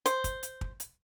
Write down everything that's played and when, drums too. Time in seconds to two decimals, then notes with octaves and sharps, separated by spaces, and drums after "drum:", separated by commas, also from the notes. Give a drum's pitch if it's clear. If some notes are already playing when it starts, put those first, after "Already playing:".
0.06 C5, drum: hi-hat
0.24 drum: kick, hi-hat
0.43 drum: hi-hat
0.61 drum: kick
0.80 drum: hi-hat